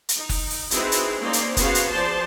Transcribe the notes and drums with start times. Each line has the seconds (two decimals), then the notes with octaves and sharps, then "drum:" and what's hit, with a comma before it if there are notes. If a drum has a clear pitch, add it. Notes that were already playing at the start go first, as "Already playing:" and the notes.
0.09 drum: hi-hat
0.18 D#4
0.29 drum: kick F#1, open hi-hat
0.50 drum: open hi-hat
0.71 C4 D#4 E4 F#4 G#4 B4, drum: hi-hat
0.92 drum: hi-hat
1.19 A#3 C4 C#4 D#4 C5 D5
1.33 drum: hi-hat
1.57 B3 C#4 F#4 G#4 C5 F5, drum: kick F#1, hi-hat
1.75 drum: hi-hat
1.91 F3 G#4 C5 D5 A5 C6